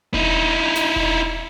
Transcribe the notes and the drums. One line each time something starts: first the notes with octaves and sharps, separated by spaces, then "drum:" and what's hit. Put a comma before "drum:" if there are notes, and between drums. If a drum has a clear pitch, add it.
D#4 E4, drum: kick E1
drum: snare
drum: kick E1